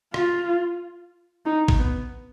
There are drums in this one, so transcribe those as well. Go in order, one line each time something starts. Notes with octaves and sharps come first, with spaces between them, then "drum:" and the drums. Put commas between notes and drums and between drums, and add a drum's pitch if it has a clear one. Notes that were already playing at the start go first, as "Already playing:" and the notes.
F4, drum: rim click
D#4
drum: kick
B3